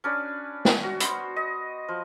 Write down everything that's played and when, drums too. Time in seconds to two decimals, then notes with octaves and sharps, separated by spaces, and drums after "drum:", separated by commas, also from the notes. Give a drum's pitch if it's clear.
0.04 C#4 D4 B4
0.65 drum: snare
0.84 F#4
1.00 B3 C5, drum: hi-hat
1.36 D#5
1.89 F3